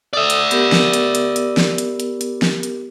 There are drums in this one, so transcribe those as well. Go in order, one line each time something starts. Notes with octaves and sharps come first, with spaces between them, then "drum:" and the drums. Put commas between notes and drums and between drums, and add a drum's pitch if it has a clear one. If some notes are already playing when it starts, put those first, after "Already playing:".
A4 D5 E5 D#6
drum: hi-hat
B3 G4 A#4, drum: hi-hat
drum: snare
drum: hi-hat
drum: hi-hat
drum: hi-hat
drum: snare
drum: hi-hat
drum: hi-hat
drum: hi-hat
drum: snare
drum: hi-hat